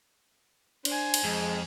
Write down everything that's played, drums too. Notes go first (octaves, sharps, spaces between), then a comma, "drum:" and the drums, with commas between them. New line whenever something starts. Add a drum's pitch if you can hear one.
D4 C5 G#5, drum: cymbal
drum: cymbal
F2 G#3